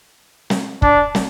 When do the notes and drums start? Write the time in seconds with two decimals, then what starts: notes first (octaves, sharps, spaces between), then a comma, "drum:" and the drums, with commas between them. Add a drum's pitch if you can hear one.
0.50 drum: snare
0.82 D4, drum: kick
1.15 drum: snare